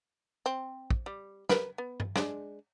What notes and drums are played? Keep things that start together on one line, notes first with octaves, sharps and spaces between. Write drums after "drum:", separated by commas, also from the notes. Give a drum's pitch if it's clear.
C4
drum: kick
G3
A#4 B4, drum: snare
B3
drum: tom G2
G#3 D4, drum: snare